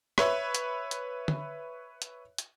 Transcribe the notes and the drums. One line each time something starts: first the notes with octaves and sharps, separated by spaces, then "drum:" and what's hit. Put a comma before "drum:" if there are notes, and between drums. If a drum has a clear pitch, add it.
B4 C#5 E5 B5, drum: rim click
drum: hi-hat
drum: hi-hat
drum: tom D3
drum: hi-hat
drum: hi-hat